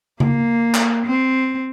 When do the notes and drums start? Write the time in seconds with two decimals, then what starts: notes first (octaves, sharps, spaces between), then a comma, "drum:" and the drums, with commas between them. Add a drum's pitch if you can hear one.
0.20 A#3, drum: tom C#3
0.75 drum: clap
1.06 C4